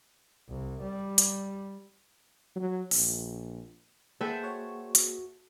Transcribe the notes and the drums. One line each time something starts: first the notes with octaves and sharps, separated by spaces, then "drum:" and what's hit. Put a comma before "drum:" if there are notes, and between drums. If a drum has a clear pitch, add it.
C2
G3
drum: hi-hat
F#3
A#1, drum: open hi-hat
A#3 G#4 A4 B4 C5 E5 F#5 G5
F#4 C#5
drum: hi-hat